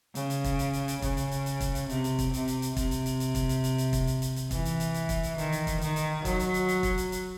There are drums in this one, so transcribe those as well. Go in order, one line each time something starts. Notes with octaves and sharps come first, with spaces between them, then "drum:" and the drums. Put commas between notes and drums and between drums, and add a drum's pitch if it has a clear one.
C#3, drum: hi-hat
drum: hi-hat
drum: kick, hi-hat
drum: hi-hat
drum: hi-hat
drum: hi-hat
C#3, drum: kick, hi-hat
drum: hi-hat
drum: hi-hat
drum: hi-hat
drum: kick, hi-hat
drum: hi-hat
C3, drum: hi-hat
drum: hi-hat
drum: kick, hi-hat
C3, drum: hi-hat
drum: hi-hat
drum: hi-hat
C3, drum: kick, hi-hat
drum: hi-hat
drum: hi-hat
drum: hi-hat
drum: kick, hi-hat
drum: hi-hat
drum: hi-hat
drum: hi-hat
drum: kick, hi-hat
drum: hi-hat
drum: hi-hat
drum: hi-hat
E3, drum: kick, hi-hat
drum: hi-hat
drum: hi-hat
drum: hi-hat
drum: kick, hi-hat
drum: hi-hat
D#3, drum: hi-hat
drum: hi-hat
drum: kick, hi-hat
D#3, drum: hi-hat
drum: hi-hat
F#3, drum: kick, hi-hat
drum: hi-hat
drum: hi-hat
drum: hi-hat
drum: kick, hi-hat
drum: hi-hat
drum: hi-hat